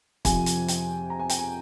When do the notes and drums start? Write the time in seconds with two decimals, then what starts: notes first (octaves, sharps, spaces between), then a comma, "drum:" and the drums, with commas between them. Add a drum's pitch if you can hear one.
0.25 F2 C3 F3 G#5, drum: kick, hi-hat
0.46 drum: hi-hat
0.68 G5, drum: hi-hat
1.10 A#5
1.20 G#5
1.29 G5, drum: hi-hat
1.39 G#5